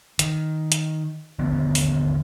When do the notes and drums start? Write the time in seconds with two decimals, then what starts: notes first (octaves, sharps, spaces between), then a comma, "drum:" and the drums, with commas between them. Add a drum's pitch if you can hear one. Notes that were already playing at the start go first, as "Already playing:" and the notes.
0.19 D#3, drum: hi-hat
0.72 drum: hi-hat
1.39 D#2 D3 F3 B3
1.75 drum: open hi-hat